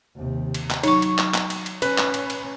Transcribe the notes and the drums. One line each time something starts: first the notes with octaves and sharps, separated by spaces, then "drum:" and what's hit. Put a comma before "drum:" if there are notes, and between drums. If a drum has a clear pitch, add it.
D#2 C3
drum: cymbal
drum: clap
F#3 D#4 C#5 C#6, drum: cymbal
drum: cymbal
drum: clap
drum: clap
drum: cymbal
drum: cymbal
C#4 B4, drum: cymbal
drum: clap
drum: cymbal
drum: cymbal